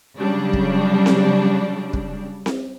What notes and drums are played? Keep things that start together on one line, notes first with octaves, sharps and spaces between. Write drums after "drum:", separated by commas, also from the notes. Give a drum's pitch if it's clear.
C#3 F#3 G3 D4
drum: kick
drum: snare C4
drum: kick
drum: snare C4